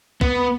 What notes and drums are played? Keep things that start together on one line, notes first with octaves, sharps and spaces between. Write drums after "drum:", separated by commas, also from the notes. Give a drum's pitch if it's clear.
B3, drum: kick